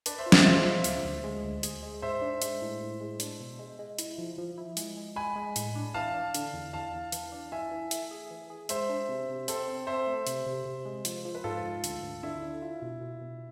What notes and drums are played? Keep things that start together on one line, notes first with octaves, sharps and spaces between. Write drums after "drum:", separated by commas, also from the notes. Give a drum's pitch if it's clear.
D4 B4 D5, drum: hi-hat
C5 E5
F4
D5 F5, drum: snare
G#3 C5 E5
F4
D2, drum: hi-hat
D2
G#3
D2
G#4, drum: hi-hat
G#3
G#2 C5 E5
D4
G#3, drum: hi-hat
A2
A2
G#3
D4, drum: hi-hat
B2
G#3
G#3
E4, drum: hi-hat
F3
F3
E4
G#3, drum: hi-hat
G#3
G#3 G#5 B5
G#3
A2, drum: hi-hat
D4
E3 F5 A5
D4
D3, drum: hi-hat
E2
E2 F5 A5
E2
E3, drum: hi-hat
D4
E3 E5 G#5
E3
A3, drum: hi-hat
G#4
E3
G#4
G#3 C5 E5, drum: hi-hat
D4
C3
C3
C4 A4 C5, drum: hi-hat
C4
C4 C5 E5
A3
C3, drum: hi-hat
C3
C3
G#3
F3, drum: hi-hat
F3
B4
G#2 F4 A4
G#2
D2, drum: hi-hat
D2
D3 E4
D3
F4
B2
B2
B2